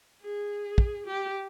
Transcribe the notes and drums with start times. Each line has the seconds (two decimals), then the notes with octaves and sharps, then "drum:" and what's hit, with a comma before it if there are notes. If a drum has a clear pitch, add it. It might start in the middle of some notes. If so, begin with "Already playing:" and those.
0.22 G#4
0.78 drum: kick
1.07 G4